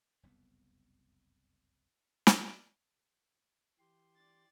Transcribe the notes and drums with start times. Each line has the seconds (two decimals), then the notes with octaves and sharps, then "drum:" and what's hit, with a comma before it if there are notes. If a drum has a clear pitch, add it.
0.23 F#1 C2 F2 B3
2.27 drum: snare
3.79 E3 G4 C6
4.16 D5 A6